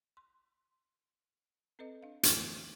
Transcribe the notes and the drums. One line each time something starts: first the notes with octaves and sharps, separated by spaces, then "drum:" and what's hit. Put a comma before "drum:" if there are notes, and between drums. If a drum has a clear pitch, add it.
C6
C4 A4 B4 D#5
D4 F5
D3 E3 A3 D4, drum: hi-hat